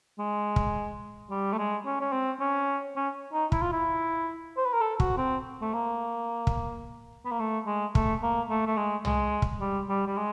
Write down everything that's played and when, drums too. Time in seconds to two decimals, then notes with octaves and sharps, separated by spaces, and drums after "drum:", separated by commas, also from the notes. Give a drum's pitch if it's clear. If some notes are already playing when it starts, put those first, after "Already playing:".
0.19 G#3
0.56 drum: kick
1.30 G3
1.53 A3
1.58 G#3
1.86 C#4
2.00 C#4
2.12 C4
2.40 C#4
2.96 C#4
3.33 D#4
3.52 E4, drum: kick
3.62 F4
3.73 E4
4.57 C5
4.66 B4
4.73 A#4
4.81 A4
5.00 F#4, drum: kick
5.17 C4
5.62 A3
5.74 A#3
6.47 drum: kick
7.25 B3
7.31 A#3
7.40 A3
7.66 G#3
7.95 A3, drum: kick
8.23 A#3
8.50 A3
8.67 A3
8.77 G#3
9.05 G#3, drum: tom
9.42 drum: kick
9.60 G3
9.89 G3
10.06 G3
10.17 G#3